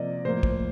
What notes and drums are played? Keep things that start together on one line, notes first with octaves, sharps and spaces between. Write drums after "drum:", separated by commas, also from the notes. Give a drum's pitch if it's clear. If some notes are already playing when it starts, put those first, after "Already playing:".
Already playing: C3 F3 A#3 D5 D#5
A2 F3 A#3 C5
drum: kick